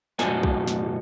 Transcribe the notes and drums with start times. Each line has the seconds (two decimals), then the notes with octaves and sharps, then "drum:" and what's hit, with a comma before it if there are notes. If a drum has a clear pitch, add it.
0.19 B1 F#2 A2 F#4 A4 G#5, drum: snare
0.43 drum: kick B1
0.68 drum: snare